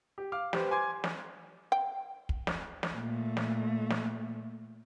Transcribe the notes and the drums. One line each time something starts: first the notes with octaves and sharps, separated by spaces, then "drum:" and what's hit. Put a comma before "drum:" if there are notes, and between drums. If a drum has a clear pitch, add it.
G4
F5 D6 F6
G4 B4 C5, drum: snare
G#5 C6 D6 G#6
drum: snare
G5
drum: kick
drum: snare
drum: snare
A#2 A3
drum: snare
drum: snare